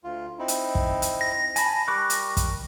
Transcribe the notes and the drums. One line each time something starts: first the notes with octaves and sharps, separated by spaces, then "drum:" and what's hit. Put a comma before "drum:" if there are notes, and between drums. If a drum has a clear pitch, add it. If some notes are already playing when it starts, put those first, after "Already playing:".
D2 F4
C4 D#4 E4
drum: hi-hat
drum: kick
drum: hi-hat
A#6
G#5 A5 B5, drum: hi-hat
G3 A#4 C#6 D6 F#6
drum: hi-hat
drum: kick, hi-hat